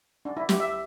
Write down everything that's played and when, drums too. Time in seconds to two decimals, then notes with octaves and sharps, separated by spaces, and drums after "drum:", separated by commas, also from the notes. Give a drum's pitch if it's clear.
0.25 D4
0.37 E4
0.49 G4, drum: snare
0.60 E5